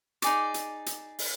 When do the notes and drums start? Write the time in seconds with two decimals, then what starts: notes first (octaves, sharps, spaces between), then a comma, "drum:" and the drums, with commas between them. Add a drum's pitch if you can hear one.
0.22 D#4 G#4 D5 D6, drum: hi-hat
0.54 drum: hi-hat
0.86 drum: hi-hat
1.19 drum: open hi-hat